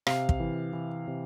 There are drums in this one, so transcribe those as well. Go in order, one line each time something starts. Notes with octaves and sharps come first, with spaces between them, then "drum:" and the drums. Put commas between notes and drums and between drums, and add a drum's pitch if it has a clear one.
C3 F5, drum: rim click
drum: kick
E3
E3
C3